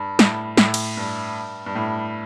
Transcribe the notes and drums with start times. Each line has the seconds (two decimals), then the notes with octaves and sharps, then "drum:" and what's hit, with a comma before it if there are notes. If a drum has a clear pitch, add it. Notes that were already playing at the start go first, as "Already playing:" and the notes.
Already playing: G2
0.19 A2, drum: snare
0.57 A2, drum: snare
0.74 drum: cymbal
0.97 G2
1.66 G2
1.75 A2